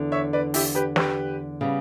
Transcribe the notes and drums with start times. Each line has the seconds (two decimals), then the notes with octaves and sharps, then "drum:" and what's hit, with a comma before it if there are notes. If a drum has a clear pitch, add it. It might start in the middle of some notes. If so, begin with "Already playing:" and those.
Already playing: E2 D3
0.12 C#5 E5
0.33 B4 D5
0.54 E4 G4, drum: open hi-hat
0.75 G4 B4
0.96 G4 B4, drum: snare
1.61 C#3 G3 B3